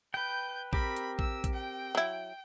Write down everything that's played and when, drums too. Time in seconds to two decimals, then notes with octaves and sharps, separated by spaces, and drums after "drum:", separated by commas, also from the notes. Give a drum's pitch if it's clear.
0.14 B4 G5 G6
0.73 C4 G4 A#4 B5, drum: kick A#1
0.96 drum: hi-hat
1.19 E6, drum: kick A#1
1.44 drum: kick A#1, hi-hat
1.54 G5
1.95 F#3 E4